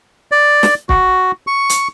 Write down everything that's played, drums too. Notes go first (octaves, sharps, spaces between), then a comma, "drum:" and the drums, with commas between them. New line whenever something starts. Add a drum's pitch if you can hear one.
D5
drum: snare
F#4, drum: kick
C#6
drum: hi-hat